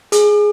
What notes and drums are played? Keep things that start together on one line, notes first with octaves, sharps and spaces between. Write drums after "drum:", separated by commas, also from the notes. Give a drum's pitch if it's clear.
G#4, drum: hi-hat